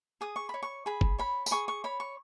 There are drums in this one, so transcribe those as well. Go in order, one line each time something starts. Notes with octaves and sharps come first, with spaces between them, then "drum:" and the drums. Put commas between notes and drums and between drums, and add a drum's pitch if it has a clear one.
G#4 D#6
C#6
C#5 B5
C#6
G#4 B5
drum: kick
C#5 B5
B5, drum: tambourine
G#4 C#6
C#6
C#5 B5
C#6